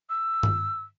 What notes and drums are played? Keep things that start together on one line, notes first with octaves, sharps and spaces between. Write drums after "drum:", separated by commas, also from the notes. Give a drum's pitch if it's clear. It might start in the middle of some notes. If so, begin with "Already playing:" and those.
E6
drum: tom G2